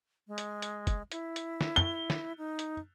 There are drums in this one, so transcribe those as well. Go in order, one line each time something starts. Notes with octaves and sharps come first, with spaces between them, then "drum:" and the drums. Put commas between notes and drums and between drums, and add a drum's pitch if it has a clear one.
G#3
drum: hi-hat
drum: hi-hat
drum: kick, hi-hat
E4, drum: hi-hat
drum: hi-hat
drum: snare
G7
drum: snare
D#4
drum: hi-hat